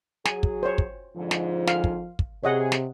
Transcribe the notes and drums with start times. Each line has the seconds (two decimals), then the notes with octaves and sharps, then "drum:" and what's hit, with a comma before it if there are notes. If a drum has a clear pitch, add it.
0.25 F#3 G#4 G#5, drum: snare
0.43 drum: kick
0.63 C5 C#5
0.78 drum: kick
1.16 F2 G#2 D3 F3
1.31 drum: snare
1.67 F5, drum: snare
1.84 drum: kick
2.19 drum: kick
2.44 C3 G#4 C#5 D#5 F#5
2.72 drum: snare